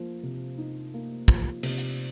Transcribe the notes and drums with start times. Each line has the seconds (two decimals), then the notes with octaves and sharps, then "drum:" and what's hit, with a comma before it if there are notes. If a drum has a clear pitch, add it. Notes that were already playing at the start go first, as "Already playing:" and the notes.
Already playing: F3 A#3
0.23 C3
0.58 D#4
0.94 A#3
1.28 F3, drum: kick
1.63 C3, drum: cymbal
1.78 drum: hi-hat